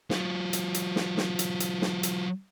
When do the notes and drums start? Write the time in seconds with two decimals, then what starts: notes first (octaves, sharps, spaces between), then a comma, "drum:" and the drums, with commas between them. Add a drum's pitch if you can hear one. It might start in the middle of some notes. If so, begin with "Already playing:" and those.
0.10 F#3 F4, drum: snare
0.53 drum: hi-hat
0.74 drum: hi-hat
0.96 drum: snare
1.17 drum: snare
1.39 drum: hi-hat
1.60 drum: hi-hat
1.82 drum: snare
2.03 drum: hi-hat